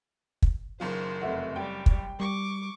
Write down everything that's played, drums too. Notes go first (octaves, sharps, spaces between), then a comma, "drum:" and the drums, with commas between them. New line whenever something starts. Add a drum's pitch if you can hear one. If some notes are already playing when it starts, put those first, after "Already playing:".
drum: kick
F#1 F#2 D#3 F4 C5
F1 E5 F#5
G3 G5
drum: kick
G3 C#6 D6